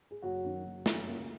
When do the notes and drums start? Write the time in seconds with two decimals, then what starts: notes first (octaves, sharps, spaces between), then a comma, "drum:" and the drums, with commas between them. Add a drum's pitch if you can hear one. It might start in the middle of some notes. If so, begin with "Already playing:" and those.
0.11 G#4
0.22 F#1 F#3 F#4
0.44 F#2 D#3
0.66 F#1
0.86 F#2 D#3, drum: snare
1.08 C#2 A#3